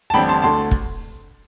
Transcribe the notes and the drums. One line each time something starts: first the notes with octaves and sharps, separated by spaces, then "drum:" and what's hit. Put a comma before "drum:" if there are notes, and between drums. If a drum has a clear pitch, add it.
A5
A1 G2 D3 G3 C4 G5 B5
A5 C6
D2 D3 A3 A5 C6
drum: kick